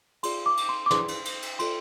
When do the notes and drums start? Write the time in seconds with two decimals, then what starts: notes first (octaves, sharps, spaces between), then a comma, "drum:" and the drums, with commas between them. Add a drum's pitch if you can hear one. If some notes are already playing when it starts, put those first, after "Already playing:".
0.23 F4 G#4 D5 C6, drum: cymbal
0.46 D6
0.57 drum: cymbal
0.69 C6
0.86 D6
0.91 E4 G#4 B4 D5 C6, drum: snare
1.08 drum: cymbal
1.25 drum: cymbal
1.42 drum: cymbal
1.59 F4 A4 D5 C6, drum: cymbal